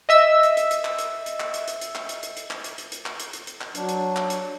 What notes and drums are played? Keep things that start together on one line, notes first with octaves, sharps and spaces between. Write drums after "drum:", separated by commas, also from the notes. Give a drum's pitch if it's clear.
D#5 E5 E6
drum: hi-hat
drum: hi-hat
drum: hi-hat
drum: clap
drum: hi-hat
drum: hi-hat
drum: clap
drum: hi-hat
drum: hi-hat
drum: hi-hat
drum: clap
drum: hi-hat
drum: hi-hat
drum: hi-hat
drum: clap
drum: hi-hat
drum: hi-hat
drum: hi-hat
drum: clap
drum: hi-hat
drum: hi-hat
drum: hi-hat
drum: clap
F#3 D4, drum: hi-hat
drum: hi-hat
drum: clap
drum: hi-hat